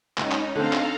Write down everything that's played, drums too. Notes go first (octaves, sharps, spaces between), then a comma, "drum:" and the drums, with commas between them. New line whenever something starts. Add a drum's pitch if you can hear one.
C#2 C#4 D#4, drum: clap
drum: clap
D3 C4 A4 F5 A#5
drum: clap